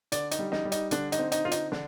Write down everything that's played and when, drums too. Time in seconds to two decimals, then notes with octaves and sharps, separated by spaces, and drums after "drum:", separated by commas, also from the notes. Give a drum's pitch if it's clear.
0.12 D3 D5, drum: hi-hat
0.31 D#4, drum: hi-hat
0.39 G3
0.52 D#4, drum: snare
0.65 G3
0.72 D#4, drum: hi-hat
0.91 D3 D4, drum: hi-hat
1.12 D#4, drum: hi-hat
1.19 C4
1.32 D#4, drum: hi-hat
1.45 D3 F4
1.51 D#4, drum: hi-hat
1.72 D3 D4, drum: snare